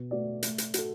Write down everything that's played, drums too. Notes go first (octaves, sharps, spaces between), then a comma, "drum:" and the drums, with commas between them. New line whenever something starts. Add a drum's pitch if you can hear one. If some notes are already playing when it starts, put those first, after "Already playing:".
Already playing: B2
A3 F#4 D5
A3, drum: hi-hat
drum: hi-hat
F#4 A4, drum: hi-hat